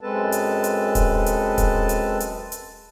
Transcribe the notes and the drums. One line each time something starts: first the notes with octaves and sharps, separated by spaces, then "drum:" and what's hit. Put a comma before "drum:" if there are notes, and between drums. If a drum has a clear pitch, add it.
F#2 G#3 C4 A4 B4 A5
drum: hi-hat
drum: hi-hat
drum: kick D#1, hi-hat
drum: hi-hat
drum: kick D#1, hi-hat
drum: hi-hat
drum: hi-hat
drum: hi-hat